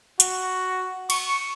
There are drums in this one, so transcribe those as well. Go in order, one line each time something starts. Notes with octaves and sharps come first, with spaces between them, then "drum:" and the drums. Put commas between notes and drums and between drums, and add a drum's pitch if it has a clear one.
F#4, drum: hi-hat
C#6, drum: cymbal